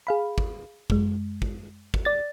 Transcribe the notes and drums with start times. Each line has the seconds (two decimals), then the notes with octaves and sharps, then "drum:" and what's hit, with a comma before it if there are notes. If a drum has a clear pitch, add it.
0.07 G#4 F5 B5
0.38 drum: kick
0.90 F#2 G#3, drum: kick
1.42 drum: kick
1.94 drum: kick
2.05 D5 A6